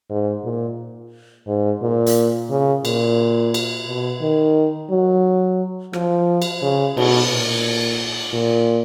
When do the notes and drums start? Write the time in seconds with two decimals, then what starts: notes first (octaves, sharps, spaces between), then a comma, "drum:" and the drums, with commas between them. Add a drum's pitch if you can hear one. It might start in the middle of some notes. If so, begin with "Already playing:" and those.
0.10 G#2
0.44 A#2
1.47 G#2
1.82 A#2
2.06 drum: hi-hat
2.50 C#3
2.85 A#2, drum: cymbal
3.54 drum: cymbal
3.88 B2
4.22 D#3
4.91 F#3
5.93 F3, drum: rim click
6.42 drum: cymbal
6.62 C#3
6.97 B2, drum: cymbal
7.31 A#2
8.33 A#2